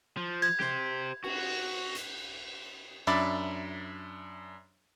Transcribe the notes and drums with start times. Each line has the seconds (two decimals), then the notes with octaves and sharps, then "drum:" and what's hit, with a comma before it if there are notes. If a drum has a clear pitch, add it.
0.17 F3
0.42 G#6, drum: cymbal
0.60 G4 C5, drum: snare
1.24 F#4, drum: cymbal
1.95 drum: hi-hat
3.07 F#2 D4 E5 B5 D6 A6, drum: cymbal